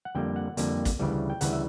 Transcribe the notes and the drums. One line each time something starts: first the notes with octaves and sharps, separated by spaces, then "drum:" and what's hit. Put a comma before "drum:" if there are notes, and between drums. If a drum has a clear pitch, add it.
F#5
F2 D3 G3 A#3 G5
F#5
F2 D3 G3 A#3, drum: hi-hat
drum: kick, hi-hat
D2 C#3 E3 G3
G5
D2 C#3 E3 G3 F#5, drum: hi-hat
E5